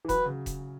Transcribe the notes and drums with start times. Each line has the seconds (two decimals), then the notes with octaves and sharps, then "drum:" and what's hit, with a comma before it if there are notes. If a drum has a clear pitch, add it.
0.05 E3
0.09 F#3 B4, drum: kick E1, hi-hat
0.26 C#3
0.46 drum: kick E1, hi-hat